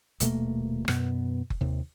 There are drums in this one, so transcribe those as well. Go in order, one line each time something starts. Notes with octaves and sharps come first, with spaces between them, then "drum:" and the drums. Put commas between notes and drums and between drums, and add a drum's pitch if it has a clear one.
D#1 B2 A3 A#3, drum: hi-hat
F#2 B2 B3, drum: rim click
drum: kick F#1
D#2 C3